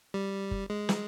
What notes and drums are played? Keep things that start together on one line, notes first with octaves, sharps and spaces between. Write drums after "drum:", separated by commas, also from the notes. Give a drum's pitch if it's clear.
G3
drum: kick F#1
G#3
drum: snare